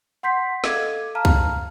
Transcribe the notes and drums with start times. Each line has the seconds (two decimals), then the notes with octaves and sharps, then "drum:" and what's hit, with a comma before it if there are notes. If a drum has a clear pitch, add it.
0.23 F#5 C6 G6 B6 C7
0.64 A4 D#5 F5 D6 G#6, drum: snare
1.15 F5 A5 A#5 F6
1.25 drum: kick B1